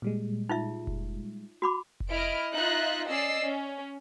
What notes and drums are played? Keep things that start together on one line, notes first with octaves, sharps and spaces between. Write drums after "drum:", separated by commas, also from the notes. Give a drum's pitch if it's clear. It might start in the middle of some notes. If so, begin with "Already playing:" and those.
A#2 G3 G#3
D#4 F4 E5
drum: kick F1
F#4 B5 D6
drum: kick F1
E4 D#5 F6 D7
D#4 F4 E5 F#6 A#6
C#4 D5 D#5 E6 C7
C#4